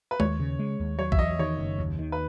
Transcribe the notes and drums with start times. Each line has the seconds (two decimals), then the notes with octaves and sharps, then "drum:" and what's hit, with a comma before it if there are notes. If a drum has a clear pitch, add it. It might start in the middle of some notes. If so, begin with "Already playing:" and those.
0.11 B4
0.20 D#2 C#5, drum: tom G#3
0.40 C#3
0.59 G#3
0.80 D#2
0.99 F#3 C#5
1.12 E5, drum: kick B1
1.19 E2 D#5
1.39 D#3 C#5
1.58 F#1
1.79 D#2
1.99 D#3
2.12 B4